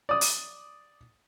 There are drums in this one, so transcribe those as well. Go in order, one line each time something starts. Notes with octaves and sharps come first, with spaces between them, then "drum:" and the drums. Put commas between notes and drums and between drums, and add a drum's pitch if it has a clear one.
D5 D#6
drum: open hi-hat